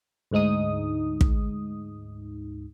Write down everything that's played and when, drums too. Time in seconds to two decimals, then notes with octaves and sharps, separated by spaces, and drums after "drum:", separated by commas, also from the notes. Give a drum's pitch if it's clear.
0.31 D2 G#2 G#3 D#4 D#6
1.21 drum: kick